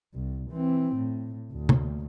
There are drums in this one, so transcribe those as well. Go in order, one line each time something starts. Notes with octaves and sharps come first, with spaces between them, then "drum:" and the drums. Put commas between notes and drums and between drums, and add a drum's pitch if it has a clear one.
C2
E3 C4
A2
D2
drum: tom C3